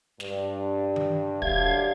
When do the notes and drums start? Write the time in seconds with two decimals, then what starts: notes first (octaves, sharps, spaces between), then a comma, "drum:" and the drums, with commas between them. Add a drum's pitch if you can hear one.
0.20 G2, drum: snare
0.96 drum: tom D#3
1.42 F#2 D3 G4 E5 F5 G#6, drum: kick